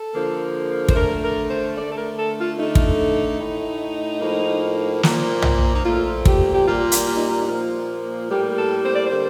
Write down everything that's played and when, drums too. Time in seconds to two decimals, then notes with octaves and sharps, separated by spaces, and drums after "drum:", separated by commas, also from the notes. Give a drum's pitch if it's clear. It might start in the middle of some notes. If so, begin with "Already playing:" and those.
Already playing: A4
0.14 D3 F3 A#3
0.89 C5, drum: kick
0.95 D3 A3 A#4
1.23 A#4
1.49 C5
1.77 D3 A3 D5
1.90 A4
1.96 A#4
2.17 A4
2.38 F4
2.58 D3 A3 D#4
2.75 drum: kick
3.40 A2 A3
4.21 A2 F3 A#3
5.03 A#2 F3 A#3, drum: snare
5.42 drum: tom
5.76 D#4
5.84 A#2 F3 A3 F4
6.25 G4, drum: kick
6.54 G4
6.65 A#2 G3 A#3 F4
6.92 drum: hi-hat
7.06 F4
7.17 D#4
7.28 F4
7.40 D#4
7.47 A#2 F3 A#3 F4
8.29 A2 G3 A#3 G4
8.56 A4
8.84 C5
8.93 D5
9.04 C5
9.10 D3 G3 A#3